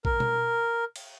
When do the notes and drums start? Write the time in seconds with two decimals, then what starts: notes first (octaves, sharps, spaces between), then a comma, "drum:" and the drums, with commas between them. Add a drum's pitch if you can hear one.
0.05 A#4, drum: kick A#1
0.20 drum: tom B2
0.96 drum: cymbal